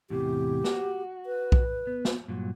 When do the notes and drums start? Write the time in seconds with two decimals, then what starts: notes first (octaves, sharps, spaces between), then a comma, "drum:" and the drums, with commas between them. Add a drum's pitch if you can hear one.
0.10 E2 A2 C3 G4
0.64 F#4, drum: snare
1.26 B4
1.52 drum: kick B1
1.87 B3
2.05 drum: snare
2.28 G2 A#2 F#3